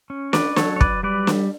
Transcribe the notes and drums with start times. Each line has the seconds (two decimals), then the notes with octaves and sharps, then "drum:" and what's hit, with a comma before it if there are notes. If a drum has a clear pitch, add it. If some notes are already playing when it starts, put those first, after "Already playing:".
0.10 C#4
0.33 B4 D5, drum: snare
0.56 F#3 A4 C#5, drum: snare
0.76 C#5
0.81 B4 D5, drum: kick
1.03 G3 B4 D5
1.27 drum: snare